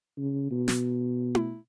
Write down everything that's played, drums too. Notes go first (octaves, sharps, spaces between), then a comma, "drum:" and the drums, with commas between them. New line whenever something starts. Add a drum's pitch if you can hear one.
C#3
B2
drum: snare
drum: tom E4